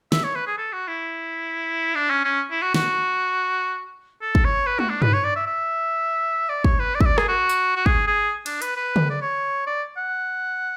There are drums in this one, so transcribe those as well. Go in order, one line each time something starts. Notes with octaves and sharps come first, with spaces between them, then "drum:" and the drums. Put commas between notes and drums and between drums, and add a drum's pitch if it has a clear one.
E5, drum: snare
C#5
B4
G#4
A4
F#4
E4
D4
C#4
C#4
E4
F#4
F#4, drum: snare
A4
drum: kick
C#5
B4
F#4, drum: tom
D4
B4, drum: tom G2
C#5
D5
E5
E5
D5
C#5, drum: kick
B4
D5
E5, drum: kick
D5
G#4, drum: rim click
F#4
drum: tambourine
F#4
G#4, drum: kick
G#4
D4, drum: cymbal
B4, drum: hi-hat
B4
drum: tom
D5
C#5
D5
F#5